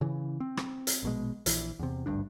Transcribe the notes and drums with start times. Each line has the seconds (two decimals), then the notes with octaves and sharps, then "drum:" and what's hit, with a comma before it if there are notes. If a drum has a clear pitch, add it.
0.01 C#3 E3
0.40 C4
0.57 drum: rim click
0.87 drum: hi-hat
1.03 A#1 B2 G#3
1.46 A#1 E3, drum: hi-hat
1.79 E2 C3
2.06 G#1 D2 G2 D4